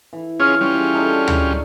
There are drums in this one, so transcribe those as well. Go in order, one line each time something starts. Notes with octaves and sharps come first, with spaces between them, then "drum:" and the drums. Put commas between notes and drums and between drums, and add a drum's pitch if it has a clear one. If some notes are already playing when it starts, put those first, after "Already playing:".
E3
C#4 F4 G#4 C#5 F6
G3 C#4 F4
G#4 E5
D4 D#4 A4
drum: tom D2